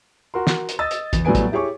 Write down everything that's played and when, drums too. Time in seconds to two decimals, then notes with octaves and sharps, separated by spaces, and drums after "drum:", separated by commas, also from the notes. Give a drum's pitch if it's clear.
0.34 F#4 A#4 C6
0.47 drum: snare
0.69 drum: hi-hat
0.79 D#5 D#6 E6 A6
0.91 drum: hi-hat
1.13 E2, drum: kick, hi-hat
1.25 A2 F#3 G3 B3 G#5 D7
1.35 drum: kick, hi-hat
1.52 E4 G4 G#4 C#5 C#6 D6